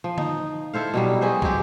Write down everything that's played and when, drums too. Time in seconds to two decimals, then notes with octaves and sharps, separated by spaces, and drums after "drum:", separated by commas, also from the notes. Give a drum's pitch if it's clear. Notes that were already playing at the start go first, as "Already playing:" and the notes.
0.04 F3
0.18 D#4, drum: tom D3
0.73 E4 A4 C5 F5
0.94 B2 F#3 G3
1.21 F#4 G#4 B4 C5
1.42 F#3 G#3 C4 G4, drum: kick